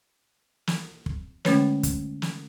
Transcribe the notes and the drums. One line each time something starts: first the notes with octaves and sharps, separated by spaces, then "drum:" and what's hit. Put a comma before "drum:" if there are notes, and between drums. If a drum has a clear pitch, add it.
drum: snare
drum: kick
D3 G#3 A3 C#4 B4 C#5, drum: snare
drum: kick, hi-hat
drum: snare